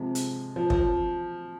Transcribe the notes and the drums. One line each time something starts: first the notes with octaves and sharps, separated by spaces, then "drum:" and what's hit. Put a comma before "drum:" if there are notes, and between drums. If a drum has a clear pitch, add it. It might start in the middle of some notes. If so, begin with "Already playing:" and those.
Already playing: C3 F3 G#3
drum: hi-hat
F3
F3, drum: kick